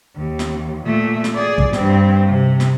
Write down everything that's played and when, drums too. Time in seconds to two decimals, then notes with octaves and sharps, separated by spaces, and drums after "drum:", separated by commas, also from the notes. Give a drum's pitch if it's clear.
0.16 D#2
0.39 drum: snare
0.85 A#2 A3
1.24 drum: snare
1.35 G#4 D5
1.58 drum: kick
1.73 G2 C4, drum: snare
2.26 C3
2.60 drum: snare